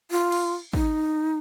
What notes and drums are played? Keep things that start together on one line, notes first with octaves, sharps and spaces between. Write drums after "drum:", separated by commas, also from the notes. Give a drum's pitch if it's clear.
F4
drum: cymbal
D#4, drum: kick